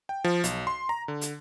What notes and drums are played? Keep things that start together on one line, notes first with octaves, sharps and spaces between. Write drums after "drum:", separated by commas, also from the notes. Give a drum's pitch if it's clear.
G5
F3
B1, drum: hi-hat
C6
A#5
D3
drum: hi-hat